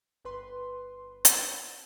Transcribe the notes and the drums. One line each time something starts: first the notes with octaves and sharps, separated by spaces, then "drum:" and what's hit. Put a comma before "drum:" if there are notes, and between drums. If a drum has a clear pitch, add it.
G1 B4 C6
drum: hi-hat